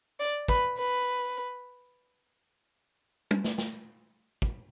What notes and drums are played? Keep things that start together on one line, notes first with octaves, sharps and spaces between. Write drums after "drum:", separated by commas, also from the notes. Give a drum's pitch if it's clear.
D5
B4, drum: kick
B4
drum: tom
drum: snare
drum: snare
drum: kick